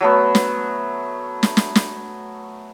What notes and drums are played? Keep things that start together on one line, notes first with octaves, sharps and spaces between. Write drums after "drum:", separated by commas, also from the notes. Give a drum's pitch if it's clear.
F#3 A3 B3
drum: snare
drum: snare
drum: snare
drum: snare